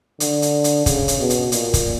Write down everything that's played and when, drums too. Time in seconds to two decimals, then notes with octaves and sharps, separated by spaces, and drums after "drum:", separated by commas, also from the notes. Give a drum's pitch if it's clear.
0.20 D3, drum: hi-hat
0.42 drum: hi-hat
0.64 drum: hi-hat
0.86 C#3, drum: kick, hi-hat
1.08 drum: hi-hat
1.19 B2
1.30 drum: hi-hat
1.52 A#2, drum: hi-hat
1.74 drum: kick, hi-hat